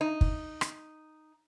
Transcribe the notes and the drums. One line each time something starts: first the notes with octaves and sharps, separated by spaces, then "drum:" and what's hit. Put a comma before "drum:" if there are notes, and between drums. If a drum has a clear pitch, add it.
D#4
drum: kick
drum: rim click